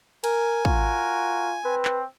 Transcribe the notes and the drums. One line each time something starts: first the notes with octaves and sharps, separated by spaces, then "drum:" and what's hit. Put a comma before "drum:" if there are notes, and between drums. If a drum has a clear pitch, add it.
A#4 G#5, drum: cymbal
F4 F#4 A#4, drum: kick
C4 B4
drum: clap